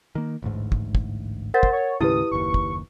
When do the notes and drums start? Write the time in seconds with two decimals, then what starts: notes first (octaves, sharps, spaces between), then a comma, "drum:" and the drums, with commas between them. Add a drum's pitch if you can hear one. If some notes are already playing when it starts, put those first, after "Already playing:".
0.15 D#3 A#3
0.43 A1 D2 G#2
0.72 drum: kick
0.95 drum: kick
1.54 A#4 C5 F#5 A6
1.63 drum: kick
1.73 C#5
2.01 D#2 A2 C#3 E4 G4 B4 D#6
2.31 F#1 D#2 C#6
2.54 drum: kick